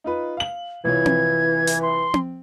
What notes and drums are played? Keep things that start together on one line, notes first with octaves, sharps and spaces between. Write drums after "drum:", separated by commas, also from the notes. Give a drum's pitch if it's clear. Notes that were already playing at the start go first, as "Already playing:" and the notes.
D#4 F4 B4
F5 F#7
C2 E3 F4 C#5 G#6
drum: tom C4
drum: hi-hat
C6
drum: tom C4